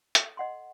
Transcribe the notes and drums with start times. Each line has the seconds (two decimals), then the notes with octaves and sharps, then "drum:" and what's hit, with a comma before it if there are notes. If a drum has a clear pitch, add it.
0.15 A4, drum: hi-hat
0.37 D#5 F#5 C6